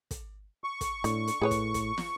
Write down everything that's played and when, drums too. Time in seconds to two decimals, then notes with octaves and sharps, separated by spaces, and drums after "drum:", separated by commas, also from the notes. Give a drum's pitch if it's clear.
0.11 drum: kick, hi-hat
0.64 C#6
0.81 drum: kick, hi-hat
1.04 A2 D3, drum: hi-hat
1.27 drum: hi-hat
1.41 A2 G#4 B4 C#5
1.51 drum: kick, hi-hat
1.74 drum: kick, hi-hat
1.98 drum: snare